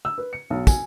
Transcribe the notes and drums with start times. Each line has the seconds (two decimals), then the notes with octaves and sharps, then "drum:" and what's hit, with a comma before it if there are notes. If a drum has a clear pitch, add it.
0.05 E6
0.18 B4
0.33 C#7
0.50 B1
0.67 G#5, drum: kick, tambourine